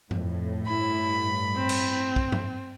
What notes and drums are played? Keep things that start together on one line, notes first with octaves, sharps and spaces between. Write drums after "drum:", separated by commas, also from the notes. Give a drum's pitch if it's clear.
F2 A2, drum: tom G2
G2 E4 B5
C4
drum: cymbal
drum: kick
drum: tom G2